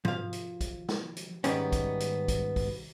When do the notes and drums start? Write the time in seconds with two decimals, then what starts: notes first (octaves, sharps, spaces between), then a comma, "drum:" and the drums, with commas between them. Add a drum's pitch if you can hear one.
0.05 F3 F5, drum: tom G#2
0.33 drum: hi-hat
0.61 drum: kick, hi-hat
0.89 drum: snare
1.17 drum: hi-hat
1.44 G#2 D#3 G3 B3 C#4, drum: hi-hat
1.72 drum: kick, hi-hat
2.00 drum: hi-hat
2.28 drum: kick, hi-hat
2.56 drum: kick, open hi-hat